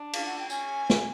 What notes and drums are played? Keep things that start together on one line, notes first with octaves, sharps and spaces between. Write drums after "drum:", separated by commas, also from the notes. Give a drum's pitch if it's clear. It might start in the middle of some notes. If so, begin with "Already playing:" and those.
Already playing: D4
F5, drum: cymbal
F#5
G5
C#4 G#5, drum: tambourine
drum: snare